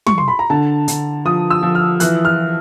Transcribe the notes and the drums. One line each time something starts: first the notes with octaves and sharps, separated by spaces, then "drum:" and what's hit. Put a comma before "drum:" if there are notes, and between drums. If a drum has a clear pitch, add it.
C#6, drum: tom
C6
B5
A#5
D3 A5
D3, drum: hi-hat
F3 D#6
E6
F3
F6
E3 F#6, drum: hi-hat
F6